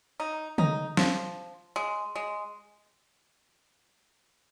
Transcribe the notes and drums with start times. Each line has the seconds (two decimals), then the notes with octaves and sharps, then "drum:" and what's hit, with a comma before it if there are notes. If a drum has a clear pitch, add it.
0.20 D#4
0.58 D#4, drum: tom C#3
0.97 F3, drum: snare
1.76 G#3
2.15 G#3